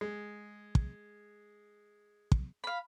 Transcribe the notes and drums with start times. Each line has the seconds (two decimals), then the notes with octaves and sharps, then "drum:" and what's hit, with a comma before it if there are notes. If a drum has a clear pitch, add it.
0.01 G#3
0.75 drum: kick
2.32 drum: kick
2.64 F5 B5